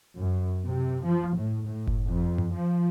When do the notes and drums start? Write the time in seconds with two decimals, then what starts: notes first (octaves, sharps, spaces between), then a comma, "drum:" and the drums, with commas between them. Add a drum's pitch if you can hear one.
0.18 F#2
0.62 C3
1.04 F3
1.34 A2
1.65 A2
1.87 drum: kick F#1
2.03 F2
2.38 drum: tom F#2
2.53 F3